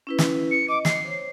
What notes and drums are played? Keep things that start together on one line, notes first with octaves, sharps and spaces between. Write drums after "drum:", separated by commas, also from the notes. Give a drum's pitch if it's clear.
C#4 E4 B4
drum: snare
C#7
D#5 D6
C7, drum: snare
C5 C#5